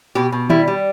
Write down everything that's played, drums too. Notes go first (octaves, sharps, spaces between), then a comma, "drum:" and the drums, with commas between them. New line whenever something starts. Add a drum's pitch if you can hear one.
B2 G4
B2
G3 E4, drum: tom D#3
G3